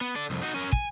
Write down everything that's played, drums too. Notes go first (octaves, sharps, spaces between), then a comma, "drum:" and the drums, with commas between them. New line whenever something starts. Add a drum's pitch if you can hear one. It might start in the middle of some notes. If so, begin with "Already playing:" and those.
B3
A4 D5
C2 F2
D#4 F#4
C#4 A#4
G#5, drum: kick